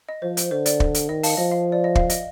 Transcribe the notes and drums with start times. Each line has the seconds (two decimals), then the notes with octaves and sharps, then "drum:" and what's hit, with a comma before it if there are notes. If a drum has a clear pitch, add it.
0.09 D#5
0.22 F3 C5
0.37 C5, drum: hi-hat
0.51 D3 C5
0.66 D5, drum: hi-hat
0.80 drum: kick
0.94 drum: hi-hat
1.09 D#3 D#5
1.23 F5 A5, drum: open hi-hat
1.37 F3 D#5
1.51 F5
1.72 D5
1.84 D#5
1.95 F5, drum: kick
2.10 D#5, drum: hi-hat